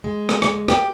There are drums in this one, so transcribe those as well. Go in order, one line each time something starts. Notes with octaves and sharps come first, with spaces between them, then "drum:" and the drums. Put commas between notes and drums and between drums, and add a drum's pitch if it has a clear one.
G#3
drum: rim click
drum: rim click
G4, drum: rim click